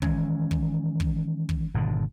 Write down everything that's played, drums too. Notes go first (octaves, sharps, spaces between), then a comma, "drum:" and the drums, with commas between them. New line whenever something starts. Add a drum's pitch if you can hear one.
D#3 E3 G#3 C#4, drum: kick
drum: kick
drum: kick
drum: kick
G#1 B2 D3